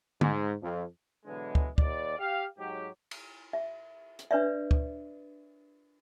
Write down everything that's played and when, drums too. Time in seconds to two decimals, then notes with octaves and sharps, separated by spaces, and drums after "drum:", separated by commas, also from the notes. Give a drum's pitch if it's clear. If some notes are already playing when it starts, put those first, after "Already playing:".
0.21 G#2, drum: tom
0.62 F2
1.26 B2 D3 E3 F#3 G#3
1.55 drum: kick
1.78 D#2 D5, drum: kick
2.19 G4 F5
2.58 G#2 F#3 G4
3.11 drum: cymbal
3.53 E5
4.19 drum: hi-hat
4.31 D4 B4 C#5 D5 E5
4.71 drum: kick